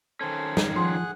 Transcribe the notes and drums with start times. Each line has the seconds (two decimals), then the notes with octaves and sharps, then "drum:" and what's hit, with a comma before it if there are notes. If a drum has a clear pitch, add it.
0.21 D#3 C#4 A4 C5
0.57 drum: snare
0.76 F3 G#4 F#5 C6 F#6